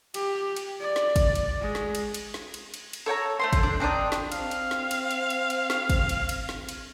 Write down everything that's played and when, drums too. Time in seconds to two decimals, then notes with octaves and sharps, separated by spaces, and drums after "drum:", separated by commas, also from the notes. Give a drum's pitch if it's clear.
0.14 G4, drum: cymbal
0.56 drum: cymbal
0.80 D5
0.96 drum: snare
1.16 drum: kick, cymbal
1.35 drum: cymbal
1.61 G#3
1.75 drum: snare
1.95 drum: cymbal
2.14 drum: cymbal
2.34 drum: snare
2.54 drum: cymbal
2.74 drum: cymbal
2.93 drum: cymbal
3.06 A4 C#5 G5 A#5
3.39 A3 C5 C6
3.53 drum: kick, cymbal
3.63 D4
3.80 C4 D4 D#4 D5
4.12 drum: snare
4.32 C4 F5, drum: cymbal
4.51 drum: cymbal
4.71 drum: snare
4.91 drum: cymbal
5.11 drum: cymbal
5.30 drum: cymbal
5.50 drum: cymbal
5.70 drum: snare
5.90 drum: kick, cymbal
6.09 drum: cymbal
6.29 drum: cymbal
6.49 drum: snare
6.69 drum: cymbal